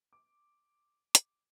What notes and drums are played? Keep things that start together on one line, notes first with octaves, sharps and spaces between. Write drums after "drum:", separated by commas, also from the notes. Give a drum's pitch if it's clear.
D6
drum: hi-hat